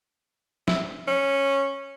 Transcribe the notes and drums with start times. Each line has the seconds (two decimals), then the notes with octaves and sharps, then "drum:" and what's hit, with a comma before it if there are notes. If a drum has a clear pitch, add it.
0.68 E4, drum: snare
1.08 C#4